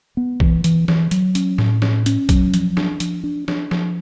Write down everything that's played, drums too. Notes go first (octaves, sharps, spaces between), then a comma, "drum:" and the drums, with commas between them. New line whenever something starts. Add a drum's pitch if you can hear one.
B3
E3, drum: kick
E3, drum: hi-hat
E3, drum: snare
F#3, drum: hi-hat
C#4, drum: hi-hat
A2, drum: snare
C#4, drum: snare
C#4, drum: hi-hat
F#3, drum: kick, hi-hat
F3, drum: hi-hat
D4, drum: snare
F3, drum: hi-hat
D4
D4, drum: snare
F3, drum: snare